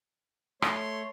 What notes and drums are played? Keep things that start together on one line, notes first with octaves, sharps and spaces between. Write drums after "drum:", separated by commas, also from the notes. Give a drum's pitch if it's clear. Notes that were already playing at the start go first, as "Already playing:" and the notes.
A3 C#5 C6, drum: rim click